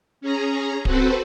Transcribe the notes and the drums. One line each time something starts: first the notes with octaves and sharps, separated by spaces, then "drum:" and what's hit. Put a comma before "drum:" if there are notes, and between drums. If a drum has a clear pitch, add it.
C#4 G#4 A#5
C4 F#4 A4 B4 C5, drum: kick D1